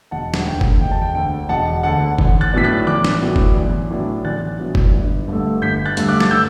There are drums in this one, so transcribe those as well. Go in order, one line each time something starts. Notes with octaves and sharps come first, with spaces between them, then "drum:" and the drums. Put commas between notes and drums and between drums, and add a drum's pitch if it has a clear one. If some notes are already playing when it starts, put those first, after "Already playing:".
E1 F#5 A5
drum: snare
D2 D3 G5
drum: kick F#1
E1 G5
A5
G5
D2 D3 G5
E1 F#5 A5
D2 D3 F#5 A5
A1, drum: kick F#1
F#6 A6
A2 F#3 B3 D4 B6
F#6 A6
A1 D6 F#6
drum: snare
A2 F#3 B3 D4
drum: kick F#1
A1
A2 F#3 B3 D4
A1 F#6 A6
A2 F#3 B3 D4
drum: kick F#1
G1
G2 D3 A3
G1 G6 B6
F#6 A6
G2 D3 A3, drum: hi-hat
D6 F#6
A6, drum: snare
E6 G6